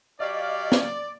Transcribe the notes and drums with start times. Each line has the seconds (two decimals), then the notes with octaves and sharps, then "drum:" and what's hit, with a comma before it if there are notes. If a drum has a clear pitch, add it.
0.20 F#3 G4 D5 D#5 F5
0.72 drum: snare